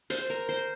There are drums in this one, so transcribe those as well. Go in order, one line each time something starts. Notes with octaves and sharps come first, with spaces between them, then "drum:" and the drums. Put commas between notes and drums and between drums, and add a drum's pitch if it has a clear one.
C5, drum: hi-hat
A#4
C5